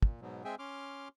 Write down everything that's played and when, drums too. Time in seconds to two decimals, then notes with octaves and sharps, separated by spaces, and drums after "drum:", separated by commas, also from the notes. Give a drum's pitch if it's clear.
0.02 A#2, drum: kick
0.21 G#2 B2 F#3
0.45 G#3 C4 G#4 E5 G5 G#5
0.59 C#4 C6 D6 F6